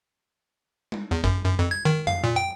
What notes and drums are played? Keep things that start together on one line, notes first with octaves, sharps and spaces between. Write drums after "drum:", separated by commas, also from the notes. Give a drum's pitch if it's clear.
drum: tom G3
E2
F#2, drum: kick
F#2
F2
G#6
D#3
F5, drum: tom F2
A#2
G5